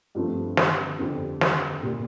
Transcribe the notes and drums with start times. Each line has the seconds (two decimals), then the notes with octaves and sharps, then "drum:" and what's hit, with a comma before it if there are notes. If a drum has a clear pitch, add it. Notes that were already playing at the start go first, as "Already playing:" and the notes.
0.15 G2 F3 A3 C4
0.57 drum: snare
0.99 F2 D3 G3 C4
1.41 drum: snare
1.83 A#2 G3